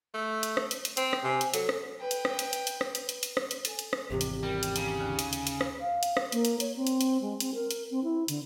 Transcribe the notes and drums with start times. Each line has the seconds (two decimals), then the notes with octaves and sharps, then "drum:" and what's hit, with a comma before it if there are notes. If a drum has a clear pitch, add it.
0.14 A3
0.43 drum: hi-hat
0.57 drum: rim click
0.71 drum: hi-hat
0.85 drum: hi-hat
0.97 C4, drum: hi-hat
1.13 drum: rim click
1.24 C3 G#5
1.41 drum: hi-hat
1.54 F#3 A4, drum: hi-hat
1.69 drum: rim click
2.00 B4 G5
2.11 drum: hi-hat
2.25 drum: rim click
2.39 drum: hi-hat
2.53 drum: hi-hat
2.67 drum: hi-hat
2.81 drum: rim click
2.95 drum: hi-hat
3.09 drum: hi-hat
3.23 drum: hi-hat
3.37 drum: rim click
3.51 drum: hi-hat
3.65 A4 G#5, drum: hi-hat
3.79 drum: hi-hat
3.93 drum: rim click
4.11 G#1 E2 C3 G4
4.21 drum: hi-hat
4.43 G3 A#4 G5
4.63 drum: hi-hat
4.76 C#3 A#5, drum: hi-hat
4.99 D#2 D3 F6
5.19 drum: hi-hat
5.33 drum: hi-hat
5.47 drum: hi-hat
5.61 drum: rim click
5.81 F5
6.03 drum: hi-hat
6.17 drum: rim click
6.32 A#3, drum: hi-hat
6.45 drum: hi-hat
6.60 C#5, drum: hi-hat
6.76 C4
6.87 drum: hi-hat
7.01 drum: hi-hat
7.21 G#3
7.40 C4, drum: hi-hat
7.54 A#4
7.71 drum: hi-hat
7.91 C4
8.04 E4
8.28 D3, drum: hi-hat